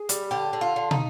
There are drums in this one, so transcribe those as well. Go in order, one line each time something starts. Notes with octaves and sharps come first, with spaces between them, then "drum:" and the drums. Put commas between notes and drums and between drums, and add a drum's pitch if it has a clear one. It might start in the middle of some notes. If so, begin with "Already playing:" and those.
Already playing: G#4
G3, drum: hi-hat
D3 G4
D3
F4
D3
D#4, drum: tom